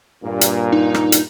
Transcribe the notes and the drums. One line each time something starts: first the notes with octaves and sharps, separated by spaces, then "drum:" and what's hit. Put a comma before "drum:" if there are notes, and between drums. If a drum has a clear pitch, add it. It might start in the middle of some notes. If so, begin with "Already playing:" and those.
G2 A#2
drum: hi-hat
D#4
drum: rim click
drum: hi-hat